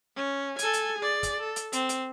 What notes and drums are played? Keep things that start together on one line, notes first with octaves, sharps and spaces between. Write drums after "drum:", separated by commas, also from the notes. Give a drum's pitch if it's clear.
C#4
A4 G#5, drum: hi-hat
drum: hi-hat
G#4 D5
drum: kick, hi-hat
A4
drum: hi-hat
C4, drum: hi-hat
drum: hi-hat